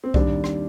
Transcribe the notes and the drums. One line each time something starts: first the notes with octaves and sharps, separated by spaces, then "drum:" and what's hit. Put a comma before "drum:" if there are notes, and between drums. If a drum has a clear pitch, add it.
C4
D#2 D#3 G3 D4, drum: kick B1
drum: rim click